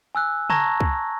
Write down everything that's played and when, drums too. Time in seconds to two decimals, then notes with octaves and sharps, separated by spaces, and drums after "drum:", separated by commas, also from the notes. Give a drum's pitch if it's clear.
0.15 G#5 E6 F#6
0.50 A5 A#5 C#6 G#6 A#6, drum: tom C#3
0.80 drum: kick